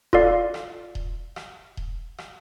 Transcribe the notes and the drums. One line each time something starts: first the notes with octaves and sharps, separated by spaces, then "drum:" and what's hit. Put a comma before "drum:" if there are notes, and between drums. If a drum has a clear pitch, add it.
F4 A4 D5 F5, drum: kick D#1
drum: rim click
drum: kick D#1
drum: rim click
drum: kick D#1
drum: rim click